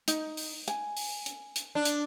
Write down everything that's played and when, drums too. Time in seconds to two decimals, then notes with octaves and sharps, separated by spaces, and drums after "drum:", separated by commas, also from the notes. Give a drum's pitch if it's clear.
0.08 D#4, drum: hi-hat
0.37 drum: open hi-hat
0.68 G#5, drum: hi-hat
0.97 drum: open hi-hat
1.26 drum: hi-hat
1.56 drum: hi-hat
1.75 D4
1.85 drum: hi-hat